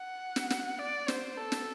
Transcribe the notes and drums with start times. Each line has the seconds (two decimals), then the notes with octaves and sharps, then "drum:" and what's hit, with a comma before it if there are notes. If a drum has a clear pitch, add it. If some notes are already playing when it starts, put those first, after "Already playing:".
Already playing: F#5
0.36 drum: snare
0.50 drum: snare
0.79 D5
1.08 C5, drum: snare
1.37 A4
1.52 drum: snare